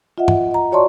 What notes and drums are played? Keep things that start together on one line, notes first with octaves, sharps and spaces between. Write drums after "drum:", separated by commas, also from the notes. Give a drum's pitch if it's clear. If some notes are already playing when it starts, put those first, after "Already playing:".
F4 D#5 E5 F#5
drum: tom
D#5 A#5
F#4 C#5 D5 A5 C6 C#6